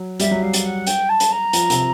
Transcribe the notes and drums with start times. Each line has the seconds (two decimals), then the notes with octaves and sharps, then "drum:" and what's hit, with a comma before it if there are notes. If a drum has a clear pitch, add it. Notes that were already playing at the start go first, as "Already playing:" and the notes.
Already playing: F#3
0.20 G3 E5, drum: hi-hat
0.31 F#3
0.42 G3 F5
0.53 drum: hi-hat
0.64 F#5
0.87 G5, drum: hi-hat
1.09 A5
1.20 drum: hi-hat
1.32 A#5
1.53 F3, drum: hi-hat
1.70 C3, drum: hi-hat